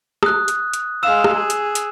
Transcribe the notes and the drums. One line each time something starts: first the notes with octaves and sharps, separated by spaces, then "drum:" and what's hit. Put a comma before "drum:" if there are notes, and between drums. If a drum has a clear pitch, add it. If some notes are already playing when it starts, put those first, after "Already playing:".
D#6 F#6, drum: rim click
drum: hi-hat
drum: hi-hat
G#3 F5 E6 E7
drum: rim click
G#4
drum: hi-hat
drum: hi-hat